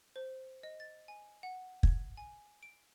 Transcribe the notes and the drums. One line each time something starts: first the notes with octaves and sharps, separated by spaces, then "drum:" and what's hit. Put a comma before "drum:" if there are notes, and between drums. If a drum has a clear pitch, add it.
C5
D#5
A6
G#5
F#5
G#6, drum: kick
G#5
D7